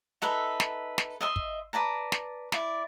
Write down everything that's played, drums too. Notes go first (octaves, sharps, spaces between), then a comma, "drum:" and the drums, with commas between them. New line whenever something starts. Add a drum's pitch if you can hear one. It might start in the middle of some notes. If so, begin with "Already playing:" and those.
D#4 A4 B4 E5
drum: snare
drum: snare
D#5 E5 C6
drum: kick
B4 D5 A5 A#5
drum: snare
E4 D5, drum: snare